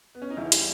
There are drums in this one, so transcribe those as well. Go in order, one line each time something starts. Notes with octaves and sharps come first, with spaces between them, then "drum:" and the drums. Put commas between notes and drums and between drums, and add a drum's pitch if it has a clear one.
B3
C#4
D#4
E1 E4
G3, drum: hi-hat